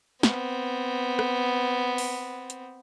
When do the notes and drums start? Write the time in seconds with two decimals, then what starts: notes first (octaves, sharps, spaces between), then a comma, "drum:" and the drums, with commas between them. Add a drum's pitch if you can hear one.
0.23 B3 C4, drum: snare
1.19 drum: rim click
1.98 drum: open hi-hat
2.50 drum: hi-hat